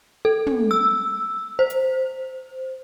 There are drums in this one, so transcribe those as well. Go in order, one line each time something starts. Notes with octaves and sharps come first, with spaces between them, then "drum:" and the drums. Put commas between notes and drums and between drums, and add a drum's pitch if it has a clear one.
A4
drum: tom
E6
C5
drum: hi-hat